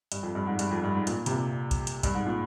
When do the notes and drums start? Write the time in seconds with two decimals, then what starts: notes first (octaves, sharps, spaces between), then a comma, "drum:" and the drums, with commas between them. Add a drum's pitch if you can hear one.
0.12 G2, drum: hi-hat
0.23 F2
0.35 G2
0.47 G#2
0.59 G2, drum: hi-hat
0.71 F2
0.83 G2
0.95 G#2
1.07 A#2, drum: hi-hat
1.26 C3, drum: hi-hat
1.32 A#2
1.71 drum: kick A#1, hi-hat
1.87 drum: hi-hat
2.03 G2, drum: kick A#1, hi-hat
2.14 G#2
2.27 A#2